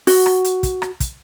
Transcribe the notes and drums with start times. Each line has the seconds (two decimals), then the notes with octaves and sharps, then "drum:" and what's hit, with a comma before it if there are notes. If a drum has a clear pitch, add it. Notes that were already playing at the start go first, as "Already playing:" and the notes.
0.07 F#4, drum: open hi-hat
0.26 drum: rim click
0.44 drum: hi-hat
0.63 drum: kick, hi-hat
0.82 drum: rim click
1.00 drum: kick, hi-hat